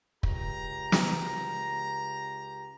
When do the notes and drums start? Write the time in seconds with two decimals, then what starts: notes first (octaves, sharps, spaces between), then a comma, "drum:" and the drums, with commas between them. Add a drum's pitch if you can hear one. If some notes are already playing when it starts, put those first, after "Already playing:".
0.23 C#2 G4 A#5, drum: kick
0.92 drum: snare